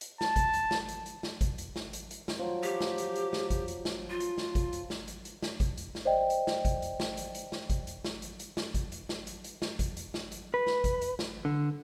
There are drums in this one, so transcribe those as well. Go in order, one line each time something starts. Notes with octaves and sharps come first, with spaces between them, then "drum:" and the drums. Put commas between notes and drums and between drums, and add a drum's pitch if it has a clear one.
drum: hi-hat
A5, drum: snare
drum: kick G#1, hi-hat
drum: hi-hat
drum: snare
drum: hi-hat
drum: hi-hat
drum: snare
drum: kick G#1, hi-hat
drum: hi-hat
drum: snare
drum: hi-hat
drum: hi-hat
drum: snare
F3 F#3
G4, drum: hi-hat
drum: snare
drum: hi-hat
drum: hi-hat
drum: snare
drum: kick G#1, hi-hat
drum: hi-hat
drum: snare
F4
drum: hi-hat
drum: snare
drum: kick G#1, hi-hat
drum: hi-hat
drum: snare
drum: hi-hat
drum: hi-hat
drum: snare
drum: kick G#1, hi-hat
drum: hi-hat
drum: snare
C5 D5 D#5 G5
drum: hi-hat
drum: snare
drum: kick G#1, hi-hat
drum: hi-hat
drum: snare
drum: hi-hat
drum: hi-hat
drum: snare
drum: kick G#1, hi-hat
drum: hi-hat
drum: snare
drum: hi-hat
drum: hi-hat
drum: snare
drum: kick G#1, hi-hat
drum: hi-hat
drum: snare
drum: hi-hat
drum: hi-hat
drum: snare
drum: kick G#1, hi-hat
drum: hi-hat
drum: snare
drum: hi-hat
B4
drum: snare
drum: kick G#1, hi-hat
drum: hi-hat
drum: snare
D3